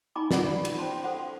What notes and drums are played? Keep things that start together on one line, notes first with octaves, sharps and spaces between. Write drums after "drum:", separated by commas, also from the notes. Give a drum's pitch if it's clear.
D#4 G#5 A#5 B5 C#6 D6
D4 F4 G4 D5 F#5 B5, drum: snare
drum: cymbal
C#4 C5 A5 C6
A4 C5 F#5 C6